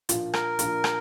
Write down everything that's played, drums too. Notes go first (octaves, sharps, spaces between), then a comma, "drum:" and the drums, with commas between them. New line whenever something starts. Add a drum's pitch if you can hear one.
A#2 F3 A#3 D4 F4, drum: hi-hat
A#4, drum: rim click
A#2 F3 A#3 D4 F4, drum: hi-hat
drum: rim click